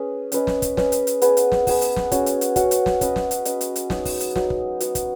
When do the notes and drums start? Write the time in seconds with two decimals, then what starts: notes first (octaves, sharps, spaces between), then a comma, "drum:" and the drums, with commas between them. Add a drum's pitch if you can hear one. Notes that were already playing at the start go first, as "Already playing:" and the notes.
Already playing: C#4 G#4 B4
0.32 C#4 B4 D#5, drum: hi-hat
0.47 drum: snare
0.62 drum: kick, hi-hat
0.77 C#4 B4 D#5, drum: snare
0.92 drum: hi-hat
1.07 drum: hi-hat
1.22 B3 G#4 B4, drum: hi-hat
1.37 drum: hi-hat
1.52 drum: snare
1.67 B3 G#4 B4, drum: kick, open hi-hat
1.81 drum: hi-hat
1.96 drum: snare
2.12 C#4 F#4 C#5, drum: kick, hi-hat
2.26 drum: hi-hat
2.41 drum: hi-hat
2.56 C#4 F#4 C#5, drum: kick, hi-hat
2.71 drum: hi-hat
2.86 drum: snare
3.01 C#4 B4 D#5, drum: kick, hi-hat
3.16 drum: snare
3.31 drum: hi-hat
3.45 C#4 B4 D#5, drum: hi-hat
3.61 drum: hi-hat
3.76 drum: hi-hat
3.90 F#3 B3 D#4, drum: snare
4.05 drum: kick, open hi-hat
4.20 drum: hi-hat
4.36 F#3 B3 D#4, drum: snare
4.50 drum: kick
4.80 B3 F#4 C#5, drum: hi-hat
4.95 drum: kick, hi-hat